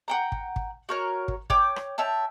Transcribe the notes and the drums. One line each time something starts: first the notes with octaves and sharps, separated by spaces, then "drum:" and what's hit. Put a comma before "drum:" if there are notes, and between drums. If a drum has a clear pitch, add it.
F#5 G5 A#5
drum: kick
drum: kick
F#4 A#4 C#5
drum: kick
C#5 G5 D6, drum: kick
drum: rim click
C#5 E5 G5 A5